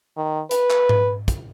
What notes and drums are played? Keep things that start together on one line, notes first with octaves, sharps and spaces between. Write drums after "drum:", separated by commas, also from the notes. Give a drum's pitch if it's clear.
D#3
B4, drum: hi-hat
drum: clap
drum: tom G#2
drum: kick, hi-hat